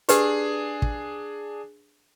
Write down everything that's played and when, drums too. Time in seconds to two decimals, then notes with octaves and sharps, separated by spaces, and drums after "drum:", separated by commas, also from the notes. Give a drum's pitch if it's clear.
0.09 D4 G4 G#4 B4, drum: hi-hat
0.82 drum: kick